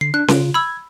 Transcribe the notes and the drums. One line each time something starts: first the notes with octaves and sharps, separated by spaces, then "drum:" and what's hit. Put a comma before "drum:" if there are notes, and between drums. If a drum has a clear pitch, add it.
D3 C7
D4 F#6
C#3 F4, drum: snare C#4
B5 E6 G#6